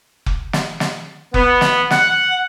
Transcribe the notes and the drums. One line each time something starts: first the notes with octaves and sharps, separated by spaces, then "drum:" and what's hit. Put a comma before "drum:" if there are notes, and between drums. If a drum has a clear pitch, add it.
drum: kick F1
drum: snare
drum: snare
B3, drum: kick F1
drum: snare
F#5, drum: snare